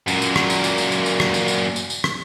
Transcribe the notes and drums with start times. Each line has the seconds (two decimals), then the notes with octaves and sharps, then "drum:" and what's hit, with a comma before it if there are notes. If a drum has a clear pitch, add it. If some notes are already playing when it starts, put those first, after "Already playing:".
0.08 F#2 A#2, drum: tambourine
0.22 drum: tambourine
0.36 drum: rim click
0.50 drum: tambourine
0.64 drum: tambourine
0.78 drum: tambourine
0.92 drum: tambourine
1.06 drum: tambourine
1.20 drum: rim click
1.34 drum: tambourine
1.48 drum: tambourine
1.76 drum: tambourine
1.90 drum: tambourine
2.04 drum: rim click